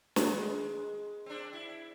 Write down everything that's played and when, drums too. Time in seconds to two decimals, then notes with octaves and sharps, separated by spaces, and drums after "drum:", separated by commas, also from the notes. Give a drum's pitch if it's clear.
0.16 D#3 G#3, drum: snare
1.26 C4 D4
1.53 E4